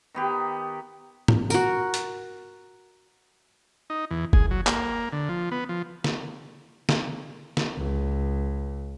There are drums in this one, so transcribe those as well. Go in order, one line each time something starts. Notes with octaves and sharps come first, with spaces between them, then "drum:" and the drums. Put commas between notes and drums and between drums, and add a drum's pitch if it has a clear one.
D#3 B3 G4
drum: tom
F#4 A#4, drum: tambourine
drum: hi-hat
D#4
E2
G#4, drum: kick
F#3
A#3, drum: clap
D3
F3
B3
F3
drum: snare
drum: snare
drum: snare
C#2